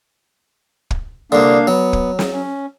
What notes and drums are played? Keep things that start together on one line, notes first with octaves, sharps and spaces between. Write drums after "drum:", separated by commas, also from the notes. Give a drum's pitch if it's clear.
drum: kick
C2 D3 A#3 D4 F5
F#3 B3
drum: kick
drum: snare
C#4